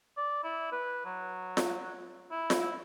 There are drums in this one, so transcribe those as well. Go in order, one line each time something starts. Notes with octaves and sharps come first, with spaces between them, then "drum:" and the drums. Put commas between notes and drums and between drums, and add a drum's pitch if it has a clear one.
D5
E4
B4
F#3
drum: snare F4
E4
drum: snare F4
E4